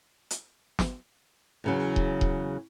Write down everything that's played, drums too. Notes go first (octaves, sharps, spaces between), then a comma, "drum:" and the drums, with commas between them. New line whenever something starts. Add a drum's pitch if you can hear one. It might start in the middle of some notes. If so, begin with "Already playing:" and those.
drum: hi-hat
drum: snare
E2 C#3 F#3
drum: kick D#1
drum: kick D#1